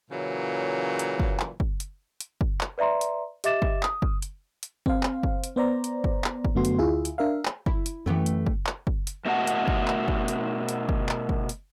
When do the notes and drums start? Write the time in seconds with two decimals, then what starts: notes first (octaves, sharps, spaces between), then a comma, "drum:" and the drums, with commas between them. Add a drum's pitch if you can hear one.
0.11 A#2 C#3 E3 F#3
0.99 drum: hi-hat
1.20 drum: kick
1.40 drum: clap
1.60 drum: kick
1.80 drum: hi-hat
2.21 drum: hi-hat
2.41 drum: kick
2.61 drum: clap
2.78 B4 D5 E5 A#5 C6
3.01 drum: hi-hat
3.44 G4 D#5 E5 D6 A6 E7, drum: hi-hat
3.62 drum: kick
3.83 D#6, drum: clap
4.02 drum: kick
4.22 drum: hi-hat
4.63 drum: hi-hat
4.86 C4 C5 F5, drum: kick
5.03 drum: clap
5.23 drum: kick
5.44 drum: hi-hat
5.56 B3 C5 D5 A#5
5.84 drum: hi-hat
6.04 drum: kick
6.24 drum: clap
6.45 drum: kick
6.55 F#2 D3 A3 B3 F#4 C6
6.65 drum: hi-hat
6.78 D2 E4 F4 G#4 E5
7.05 drum: hi-hat
7.18 D4 A#4 E5 F5
7.45 drum: clap
7.66 E4, drum: kick
7.86 drum: hi-hat
8.06 F#2 E3 A3 B3 G4
8.26 drum: hi-hat
8.46 drum: kick
8.67 drum: clap
8.87 drum: kick
9.07 drum: hi-hat
9.25 B2 A3 F#4 D#5 F#5 A5
9.47 drum: hi-hat
9.68 drum: kick
9.88 drum: clap
10.08 drum: kick
10.28 drum: hi-hat
10.69 drum: hi-hat
10.89 drum: kick
11.09 drum: clap
11.29 drum: kick
11.49 drum: hi-hat